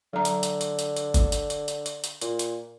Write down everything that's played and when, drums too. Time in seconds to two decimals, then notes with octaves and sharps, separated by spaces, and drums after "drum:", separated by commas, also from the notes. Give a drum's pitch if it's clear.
0.13 D3 F#3 A#5
0.25 drum: hi-hat
0.43 drum: hi-hat
0.61 drum: hi-hat
0.79 drum: hi-hat
0.97 drum: hi-hat
1.14 drum: kick G1, hi-hat
1.32 drum: hi-hat
1.50 drum: hi-hat
1.68 drum: hi-hat
1.86 drum: hi-hat
2.04 drum: hi-hat
2.22 A#2, drum: hi-hat
2.39 drum: hi-hat